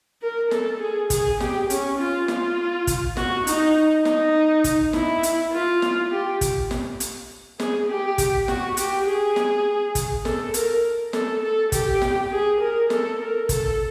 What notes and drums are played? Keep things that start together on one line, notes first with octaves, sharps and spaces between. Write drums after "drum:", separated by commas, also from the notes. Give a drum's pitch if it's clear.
A#4
A4, drum: snare
G#4
G#4, drum: kick, hi-hat
G4, drum: snare
C#4, drum: hi-hat
F4
F4, drum: snare
drum: kick, hi-hat
F#4, drum: snare
D#4, drum: hi-hat
D#4, drum: snare
drum: kick, hi-hat
E4, drum: snare
drum: hi-hat
F4
drum: snare
G4
drum: kick, hi-hat
drum: snare
drum: hi-hat
G#4, drum: snare
G4
drum: kick, hi-hat
F#4, drum: snare
G4, drum: hi-hat
G#4
drum: snare
drum: kick, hi-hat
A4, drum: snare
A#4, drum: hi-hat
A4, drum: snare
A4
G4, drum: kick, hi-hat
drum: snare
G#4
A#4
A4, drum: snare
A#4
A4, drum: kick, hi-hat